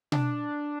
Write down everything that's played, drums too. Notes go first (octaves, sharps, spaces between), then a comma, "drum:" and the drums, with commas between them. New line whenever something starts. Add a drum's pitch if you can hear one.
D4, drum: tom B2